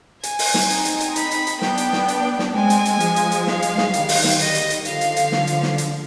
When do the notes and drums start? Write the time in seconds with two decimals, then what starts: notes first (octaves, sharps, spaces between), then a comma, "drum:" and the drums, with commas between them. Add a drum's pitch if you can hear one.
0.23 G#5, drum: hi-hat
0.39 drum: open hi-hat
0.54 drum: snare
0.70 C4 D#4, drum: hi-hat
0.85 drum: hi-hat
1.00 drum: hi-hat
1.16 B5, drum: hi-hat
1.31 drum: hi-hat
1.47 drum: hi-hat
1.62 B3 D4 G5, drum: snare
1.78 drum: hi-hat
1.93 drum: snare
2.08 drum: hi-hat
2.39 drum: snare
2.54 G#3 C4 G#5
2.70 drum: hi-hat
2.85 drum: hi-hat
3.00 F3 G#3, drum: hi-hat
3.16 drum: hi-hat
3.32 drum: hi-hat
3.47 F5, drum: snare
3.62 drum: hi-hat
3.78 drum: snare
3.94 D#3 G3, drum: hi-hat
4.09 drum: open hi-hat
4.24 drum: snare
4.39 D#5, drum: hi-hat
4.55 drum: hi-hat
4.70 drum: hi-hat
4.85 D3 F3 F5, drum: hi-hat
5.01 drum: hi-hat
5.16 drum: hi-hat
5.32 drum: snare
5.47 drum: hi-hat
5.63 drum: snare
5.78 drum: hi-hat